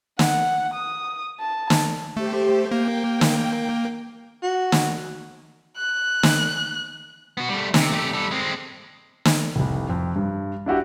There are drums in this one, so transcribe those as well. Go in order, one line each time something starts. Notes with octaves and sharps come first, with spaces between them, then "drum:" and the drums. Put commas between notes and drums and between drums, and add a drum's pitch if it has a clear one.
F#5, drum: snare
D#6
A5
drum: snare
A3 G4 C5
A#3 G5
drum: snare
F#4
drum: snare
F#6
drum: snare
B3 F#4
G3 A3
C3, drum: snare
A3 G4
G3 A4
G#3 C4
drum: snare
F1 C2
F2
G2
D4 E4 F#4 G4